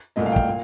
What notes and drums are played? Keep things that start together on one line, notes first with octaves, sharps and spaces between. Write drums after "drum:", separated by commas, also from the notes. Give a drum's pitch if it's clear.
C2 A#2 A3 D#5
F5
G5
F5, drum: kick
A#2